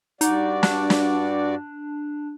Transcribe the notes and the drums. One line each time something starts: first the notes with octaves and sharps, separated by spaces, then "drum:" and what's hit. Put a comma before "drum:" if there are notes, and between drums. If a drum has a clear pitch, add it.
G2 D#4 F#4 D5, drum: hi-hat
D4, drum: snare
drum: snare